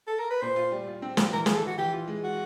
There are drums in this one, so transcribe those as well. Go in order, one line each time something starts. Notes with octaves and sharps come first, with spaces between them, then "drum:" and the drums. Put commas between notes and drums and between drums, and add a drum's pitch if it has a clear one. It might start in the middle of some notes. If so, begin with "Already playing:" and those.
A4
A#4
B4
A#2 C5
F4
G3
F4
C4
A#2, drum: snare
E3 A#4
E3 G#4, drum: snare
A4
E3 F#4
E3 G4
F4
G#3
F#4